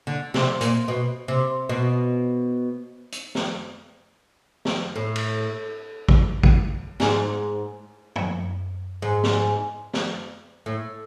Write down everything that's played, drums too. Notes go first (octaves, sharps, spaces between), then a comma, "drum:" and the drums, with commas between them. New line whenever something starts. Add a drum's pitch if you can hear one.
D3
C3, drum: snare
A#2, drum: hi-hat
B2
C3
B2
drum: hi-hat
drum: snare
drum: snare
A2
drum: cymbal
drum: kick
drum: kick
G#2, drum: snare
drum: tom
G#2
drum: snare
drum: snare
A2